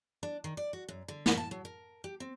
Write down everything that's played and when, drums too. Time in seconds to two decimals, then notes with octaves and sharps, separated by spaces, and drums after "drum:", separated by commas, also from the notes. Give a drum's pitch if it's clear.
0.23 D4
0.44 D#3
0.57 D5
0.73 F#4
0.88 F#2
1.08 D3
1.26 G#4, drum: snare
1.37 A5
1.51 F#3
1.65 A#4
2.04 G4
2.20 C4